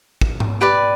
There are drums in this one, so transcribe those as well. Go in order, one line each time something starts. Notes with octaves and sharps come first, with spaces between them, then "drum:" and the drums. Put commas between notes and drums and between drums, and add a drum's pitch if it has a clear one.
drum: kick
drum: tom G#2
G4 B4 D5